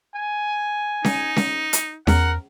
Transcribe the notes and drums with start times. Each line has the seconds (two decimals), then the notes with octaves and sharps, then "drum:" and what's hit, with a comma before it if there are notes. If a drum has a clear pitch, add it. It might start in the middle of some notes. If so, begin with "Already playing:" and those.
0.15 G#5
1.04 D#4, drum: snare C#4
1.36 drum: snare C#4
1.73 drum: hi-hat
2.07 E2 A#4 F#5, drum: snare C#4